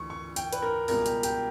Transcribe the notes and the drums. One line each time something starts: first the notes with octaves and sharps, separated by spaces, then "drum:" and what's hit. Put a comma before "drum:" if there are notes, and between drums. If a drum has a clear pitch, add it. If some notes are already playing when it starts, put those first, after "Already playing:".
Already playing: D2 E3 C#6
C#6
G5, drum: hi-hat
B4, drum: hi-hat
A#4
C#2 B2 G3 A#4, drum: open hi-hat
G4, drum: hi-hat
G4, drum: hi-hat